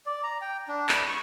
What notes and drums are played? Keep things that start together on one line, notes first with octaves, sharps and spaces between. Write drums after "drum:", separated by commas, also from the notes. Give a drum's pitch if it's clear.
D5
A#5
G5
D4
B5, drum: clap
C#6